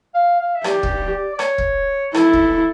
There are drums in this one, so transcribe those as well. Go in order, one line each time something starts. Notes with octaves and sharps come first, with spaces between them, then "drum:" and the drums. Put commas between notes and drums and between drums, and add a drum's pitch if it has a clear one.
F5
F5
E5
G4 D5, drum: rim click
drum: kick
D5
C#5, drum: rim click
drum: kick
E4 A4, drum: rim click
drum: kick